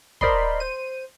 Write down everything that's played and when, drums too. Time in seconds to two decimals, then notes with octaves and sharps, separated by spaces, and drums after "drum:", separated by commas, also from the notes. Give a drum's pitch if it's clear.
0.21 A#4 C5 D5 D#5 B5 C6, drum: kick
0.60 C5 D#7